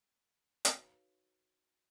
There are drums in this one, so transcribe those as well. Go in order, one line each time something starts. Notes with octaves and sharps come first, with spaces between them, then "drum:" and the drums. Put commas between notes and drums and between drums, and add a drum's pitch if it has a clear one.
D#4 F#4 A4 B4 C#5 F5, drum: hi-hat